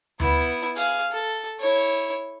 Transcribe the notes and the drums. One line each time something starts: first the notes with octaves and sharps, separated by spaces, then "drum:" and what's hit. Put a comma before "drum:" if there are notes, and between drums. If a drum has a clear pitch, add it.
B3 E4, drum: tom D2
G#4 F5, drum: hi-hat
A4
E4 C#5